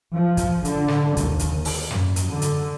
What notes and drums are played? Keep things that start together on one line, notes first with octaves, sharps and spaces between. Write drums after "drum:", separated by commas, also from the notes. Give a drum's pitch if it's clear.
F3
drum: kick, hi-hat
D3, drum: hi-hat
drum: snare
D#2, drum: kick, hi-hat
drum: hi-hat
drum: open hi-hat
F#2, drum: snare
drum: hi-hat
D3
drum: hi-hat